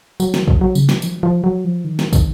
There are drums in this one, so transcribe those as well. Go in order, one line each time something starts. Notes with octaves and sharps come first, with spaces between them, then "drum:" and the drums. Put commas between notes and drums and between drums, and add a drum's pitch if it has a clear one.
F#3, drum: tambourine
drum: snare
drum: kick
F#3
C#3, drum: tambourine
D#3, drum: snare
F3, drum: tambourine
F3
F#3
F3
D#3
drum: snare
drum: kick, tambourine